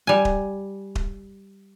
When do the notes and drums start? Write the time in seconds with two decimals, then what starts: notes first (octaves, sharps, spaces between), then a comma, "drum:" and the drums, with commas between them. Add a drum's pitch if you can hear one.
0.07 G3 G#5
0.25 drum: kick D#1
0.95 drum: kick D#1